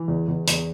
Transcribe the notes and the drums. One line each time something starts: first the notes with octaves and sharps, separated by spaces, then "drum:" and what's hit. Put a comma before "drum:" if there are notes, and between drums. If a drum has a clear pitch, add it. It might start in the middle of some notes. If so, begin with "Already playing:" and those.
Already playing: E3
E2
E2
E2, drum: hi-hat